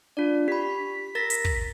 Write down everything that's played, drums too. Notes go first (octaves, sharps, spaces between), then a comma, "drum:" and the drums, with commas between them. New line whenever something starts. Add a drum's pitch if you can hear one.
D4 F4 D5
G4 B5 B6
A#4 A6 A#6
drum: hi-hat
drum: kick